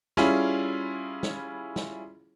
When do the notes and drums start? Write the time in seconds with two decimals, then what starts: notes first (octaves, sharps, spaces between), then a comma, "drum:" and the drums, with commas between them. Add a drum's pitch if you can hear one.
0.17 G3 C#4 E4 F4 G#4, drum: snare
1.23 drum: snare
1.76 drum: snare